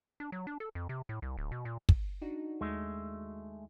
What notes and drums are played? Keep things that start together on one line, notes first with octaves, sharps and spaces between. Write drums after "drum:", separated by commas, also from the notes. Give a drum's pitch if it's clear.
D4
F#3
D4
A4
F2
C3
A2
C2
D1
B2
A#2
drum: kick
D4 D#4 F#4
D#2 G#3 A3